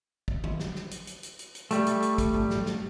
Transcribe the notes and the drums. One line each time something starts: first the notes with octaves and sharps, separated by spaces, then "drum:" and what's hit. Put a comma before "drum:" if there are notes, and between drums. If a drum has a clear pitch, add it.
drum: kick
drum: tom D3
drum: snare
drum: snare
drum: hi-hat
drum: hi-hat
drum: hi-hat
drum: hi-hat
drum: hi-hat
G3 A3, drum: hi-hat
drum: hi-hat
drum: hi-hat
drum: kick, hi-hat
drum: tom G#2
drum: snare
drum: snare